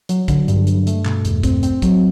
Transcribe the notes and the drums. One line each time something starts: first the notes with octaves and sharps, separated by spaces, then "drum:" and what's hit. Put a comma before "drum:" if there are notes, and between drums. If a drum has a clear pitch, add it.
F#3, drum: hi-hat
D3, drum: kick, hi-hat
G2, drum: hi-hat
G2, drum: hi-hat
A3, drum: hi-hat
B2, drum: clap
E2, drum: hi-hat
C4, drum: kick, hi-hat
C4, drum: hi-hat
F#3, drum: kick, hi-hat